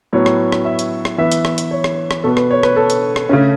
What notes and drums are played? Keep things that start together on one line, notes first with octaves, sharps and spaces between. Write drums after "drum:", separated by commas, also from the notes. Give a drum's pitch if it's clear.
A2 F#3 B3 C#5
drum: rim click
drum: rim click
E5
drum: hi-hat
drum: rim click
E3 B3 E5
drum: hi-hat
drum: rim click
drum: hi-hat
C#5
drum: rim click
drum: rim click
B2 B3 A4
B4, drum: rim click
C#5
B4, drum: rim click
A4
drum: hi-hat
drum: rim click
C#3 A3 C#4